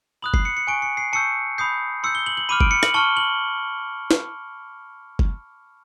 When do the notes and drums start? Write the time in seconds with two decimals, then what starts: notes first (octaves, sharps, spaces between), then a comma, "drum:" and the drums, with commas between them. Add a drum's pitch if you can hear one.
0.22 B5 D#6 F#6 F#7
0.34 C7, drum: kick F#1
0.45 C#7
0.57 C#7
0.67 G#5 C#6 F#6 D7
0.82 C#7
0.97 C7
1.13 A5 C#6 E6 G6 C#7
1.58 B5 D#6 G6 C7
2.03 C6 E6 G6 C#7
2.15 G7
2.26 F#7
2.37 F#7
2.49 B5 D6 F6 D#7
2.61 D7, drum: kick F#1
2.71 C#7
2.83 F#7, drum: rim click
2.94 A5 C#6 F6 G7
3.17 F#7
4.11 drum: snare
5.19 drum: kick F#1